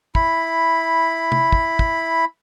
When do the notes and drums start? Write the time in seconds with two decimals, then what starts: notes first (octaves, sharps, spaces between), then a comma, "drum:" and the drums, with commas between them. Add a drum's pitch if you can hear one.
0.15 E4 B5, drum: kick
1.32 drum: tom C3
1.52 drum: kick
1.79 drum: kick